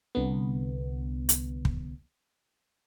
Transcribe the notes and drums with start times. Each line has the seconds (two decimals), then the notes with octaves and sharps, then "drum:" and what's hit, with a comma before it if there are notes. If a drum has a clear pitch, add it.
0.15 C2 D3 B3
1.29 drum: hi-hat
1.65 drum: kick